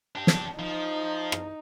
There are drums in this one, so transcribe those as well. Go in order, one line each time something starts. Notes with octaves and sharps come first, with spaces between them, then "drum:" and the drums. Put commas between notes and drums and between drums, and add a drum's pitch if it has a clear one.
D4 G4
drum: snare
F3 D#4
drum: rim click